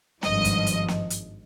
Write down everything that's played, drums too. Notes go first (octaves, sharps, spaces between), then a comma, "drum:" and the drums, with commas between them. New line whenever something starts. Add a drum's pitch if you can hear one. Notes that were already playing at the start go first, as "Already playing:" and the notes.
G#1 G2 F3 D#5, drum: snare
drum: kick, hi-hat
drum: hi-hat
drum: snare
drum: hi-hat